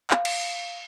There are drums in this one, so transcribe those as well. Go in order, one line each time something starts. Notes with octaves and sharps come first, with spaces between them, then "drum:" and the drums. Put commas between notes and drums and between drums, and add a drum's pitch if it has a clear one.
F5, drum: clap
drum: cymbal